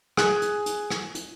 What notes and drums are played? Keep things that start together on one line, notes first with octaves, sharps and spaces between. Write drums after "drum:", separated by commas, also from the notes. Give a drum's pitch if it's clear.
G#4 G#5 F#6, drum: rim click
drum: hi-hat
drum: hi-hat
drum: rim click
drum: hi-hat